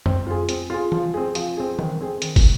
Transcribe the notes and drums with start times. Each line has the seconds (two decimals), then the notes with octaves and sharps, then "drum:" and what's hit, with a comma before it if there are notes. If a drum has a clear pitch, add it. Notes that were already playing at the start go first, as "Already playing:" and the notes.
0.06 C4, drum: tom F2
0.27 F4 G#4
0.49 C4, drum: hi-hat
0.70 F4 G#4
0.92 F3, drum: tom E3
1.14 C4 G#4
1.35 F3, drum: hi-hat
1.57 C4 G#4
1.79 D#3, drum: tom E3
2.00 C4 G#4
2.22 D#3, drum: hi-hat
2.36 drum: kick, open hi-hat